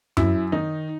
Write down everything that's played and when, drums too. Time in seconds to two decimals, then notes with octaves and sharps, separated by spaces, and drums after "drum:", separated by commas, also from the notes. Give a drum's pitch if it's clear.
0.17 F#2 E4, drum: tom F#2
0.52 D#3 D#4